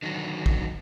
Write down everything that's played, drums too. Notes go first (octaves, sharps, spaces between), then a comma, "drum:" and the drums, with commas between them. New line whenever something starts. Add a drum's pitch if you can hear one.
D3 D#3 F#3
drum: kick